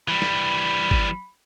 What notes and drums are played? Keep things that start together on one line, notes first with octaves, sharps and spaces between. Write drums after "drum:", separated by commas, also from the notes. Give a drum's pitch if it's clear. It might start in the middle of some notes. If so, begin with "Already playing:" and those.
E3 G3 B5
drum: snare
drum: kick G1